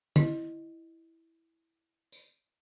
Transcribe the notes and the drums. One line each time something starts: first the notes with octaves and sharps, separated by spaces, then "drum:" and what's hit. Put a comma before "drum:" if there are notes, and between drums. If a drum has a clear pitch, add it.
E4 D#5, drum: tom
drum: tambourine